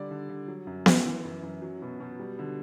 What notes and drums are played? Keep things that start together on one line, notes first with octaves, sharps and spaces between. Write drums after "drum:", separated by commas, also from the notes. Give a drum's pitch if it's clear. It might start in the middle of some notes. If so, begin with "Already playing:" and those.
Already playing: D3 G3 D5
D3
D3
F#3
F#2
F#2, drum: snare B3
E3
F#2
F#2
F#3
B2
B2
G3
D3